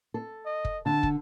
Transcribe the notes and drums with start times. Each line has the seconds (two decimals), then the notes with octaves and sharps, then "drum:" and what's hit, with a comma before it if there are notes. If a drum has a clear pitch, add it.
0.14 A4
0.45 D#5
0.65 drum: kick
0.86 D3 A5
1.03 drum: kick